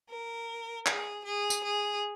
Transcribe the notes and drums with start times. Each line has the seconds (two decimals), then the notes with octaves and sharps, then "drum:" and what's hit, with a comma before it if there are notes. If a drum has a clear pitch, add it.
0.10 A#4
0.86 G#4, drum: clap
1.24 G#4
1.50 drum: tambourine
1.63 G#4